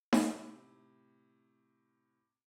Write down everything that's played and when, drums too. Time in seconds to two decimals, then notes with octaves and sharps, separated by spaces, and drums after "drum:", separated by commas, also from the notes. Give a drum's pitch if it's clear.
0.13 A2 C3, drum: snare D#4